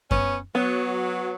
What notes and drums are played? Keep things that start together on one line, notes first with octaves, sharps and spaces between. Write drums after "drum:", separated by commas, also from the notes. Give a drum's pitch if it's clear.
B3 C#4, drum: kick F#2
F#3 B3